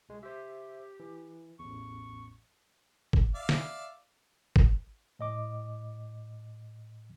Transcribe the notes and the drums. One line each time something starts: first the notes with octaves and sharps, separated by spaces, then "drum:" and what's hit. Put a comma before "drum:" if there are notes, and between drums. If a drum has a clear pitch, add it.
C2 G#3
G4 C5 E5
E3
A1 E2 C#6
drum: kick
D5 E5 F5
drum: snare
drum: kick
A2 D#5 D6